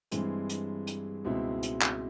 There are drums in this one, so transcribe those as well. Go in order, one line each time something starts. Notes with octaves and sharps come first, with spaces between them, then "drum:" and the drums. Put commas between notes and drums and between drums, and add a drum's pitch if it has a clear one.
G2 E3 G#3 C4, drum: hi-hat
drum: hi-hat
drum: hi-hat
C#2 B2 G#3 C4 E4
drum: hi-hat
drum: clap